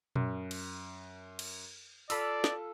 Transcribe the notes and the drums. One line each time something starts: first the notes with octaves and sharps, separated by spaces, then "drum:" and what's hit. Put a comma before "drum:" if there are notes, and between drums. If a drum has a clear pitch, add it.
F#2, drum: tom A#2
drum: cymbal
drum: cymbal
F4 A4 D5 B5 E6, drum: open hi-hat
drum: snare